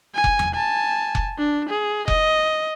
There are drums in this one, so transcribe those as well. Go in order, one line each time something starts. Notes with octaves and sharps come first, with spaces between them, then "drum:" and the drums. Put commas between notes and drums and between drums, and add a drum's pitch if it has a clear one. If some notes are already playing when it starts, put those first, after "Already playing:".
G#5
drum: kick F1
drum: tom E2
G#5 A5
drum: kick F1
D4
G#4
D#5, drum: kick F1